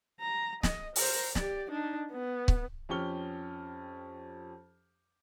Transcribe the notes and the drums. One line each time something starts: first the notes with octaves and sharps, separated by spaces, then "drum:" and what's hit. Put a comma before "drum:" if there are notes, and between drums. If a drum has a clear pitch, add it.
A#5
D#5, drum: snare
A#4 C5, drum: open hi-hat
G4 D5, drum: snare
D4 D#4
B3
drum: kick C#1
F2 C#4 G4 C#6 F6 G7